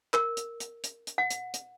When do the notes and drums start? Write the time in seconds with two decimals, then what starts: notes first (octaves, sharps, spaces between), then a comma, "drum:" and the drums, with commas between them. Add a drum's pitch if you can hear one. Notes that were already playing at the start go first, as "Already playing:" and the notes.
0.14 A#4, drum: clap
0.37 drum: hi-hat
0.60 drum: hi-hat
0.84 drum: hi-hat
1.07 drum: hi-hat
1.18 F#5
1.30 drum: hi-hat
1.54 drum: hi-hat